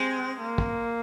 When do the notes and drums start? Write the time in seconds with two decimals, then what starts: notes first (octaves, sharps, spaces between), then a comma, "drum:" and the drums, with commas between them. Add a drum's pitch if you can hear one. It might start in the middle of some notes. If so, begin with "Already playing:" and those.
Already playing: G#3 C4
0.40 A#3
0.58 drum: kick